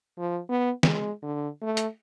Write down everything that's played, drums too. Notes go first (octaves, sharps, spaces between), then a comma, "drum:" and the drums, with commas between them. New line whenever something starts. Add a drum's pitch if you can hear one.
F3
B3
G#3, drum: snare
D3
A3
drum: hi-hat